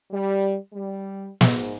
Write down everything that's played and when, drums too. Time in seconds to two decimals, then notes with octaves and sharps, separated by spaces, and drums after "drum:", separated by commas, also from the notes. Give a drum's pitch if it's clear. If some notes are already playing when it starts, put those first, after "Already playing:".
0.11 G3
0.73 G3
1.41 G#2, drum: snare